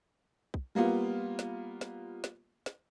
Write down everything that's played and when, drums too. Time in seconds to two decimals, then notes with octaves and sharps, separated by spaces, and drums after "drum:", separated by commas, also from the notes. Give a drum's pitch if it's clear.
0.54 drum: kick
0.75 G3 A#3 B3 F4
1.39 drum: snare
1.81 drum: snare
2.24 drum: snare
2.66 drum: snare